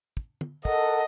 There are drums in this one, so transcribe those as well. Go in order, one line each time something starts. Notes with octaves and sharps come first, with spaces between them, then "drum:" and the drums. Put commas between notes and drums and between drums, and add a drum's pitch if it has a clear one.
drum: kick
drum: tom
A4 A#4 D#5 F#5, drum: kick